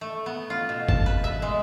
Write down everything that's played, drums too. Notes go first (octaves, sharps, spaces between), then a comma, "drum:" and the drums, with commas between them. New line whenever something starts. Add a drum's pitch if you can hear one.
A3
B3
F4
B2
A5, drum: kick G1
B4
E5
G#3